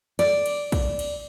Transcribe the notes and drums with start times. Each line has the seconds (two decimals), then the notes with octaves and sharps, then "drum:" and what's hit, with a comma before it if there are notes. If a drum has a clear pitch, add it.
0.19 D5, drum: cymbal
0.46 drum: cymbal
0.72 drum: kick, cymbal
0.99 drum: cymbal